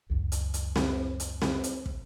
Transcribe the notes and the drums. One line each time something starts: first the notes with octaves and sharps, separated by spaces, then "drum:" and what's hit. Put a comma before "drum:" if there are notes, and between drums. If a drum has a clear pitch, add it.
C#2 F#2
drum: hi-hat
drum: hi-hat
drum: snare C4
drum: hi-hat
drum: snare C4
drum: hi-hat
drum: kick